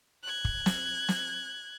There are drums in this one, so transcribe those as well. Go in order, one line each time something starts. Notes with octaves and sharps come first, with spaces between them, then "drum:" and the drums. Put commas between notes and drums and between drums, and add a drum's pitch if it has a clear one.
F#6 G#6
drum: kick
drum: snare
drum: snare